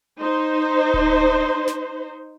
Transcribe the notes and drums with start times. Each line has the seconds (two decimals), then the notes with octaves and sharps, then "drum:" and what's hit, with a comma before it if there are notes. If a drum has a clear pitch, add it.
0.20 D#4 C5
0.94 drum: kick D1
1.68 drum: snare